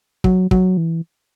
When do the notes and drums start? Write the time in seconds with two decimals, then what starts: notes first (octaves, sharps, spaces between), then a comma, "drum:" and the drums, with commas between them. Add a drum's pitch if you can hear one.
0.24 F#3, drum: kick
0.51 F#3, drum: kick
0.77 E3